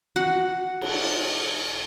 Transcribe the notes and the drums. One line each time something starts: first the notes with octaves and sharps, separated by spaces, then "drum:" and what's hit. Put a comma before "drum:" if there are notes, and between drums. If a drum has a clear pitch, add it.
F#4 F#5
drum: cymbal